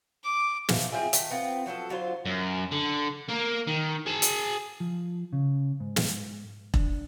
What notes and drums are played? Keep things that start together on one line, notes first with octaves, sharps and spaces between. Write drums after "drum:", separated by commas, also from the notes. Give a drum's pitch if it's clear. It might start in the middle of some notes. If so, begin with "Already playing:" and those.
D6
B2 F3 A3, drum: snare
C4 F4 G#4 E5
D#3 A3, drum: hi-hat
B3 C4 F4
F3 F#3 B3 A4
D3 F#3 F4 C5
F#2
D3
A#3 A#4
D#3
G#4 A5
drum: hi-hat
F3
C#3
G#2
drum: snare
D4, drum: kick E1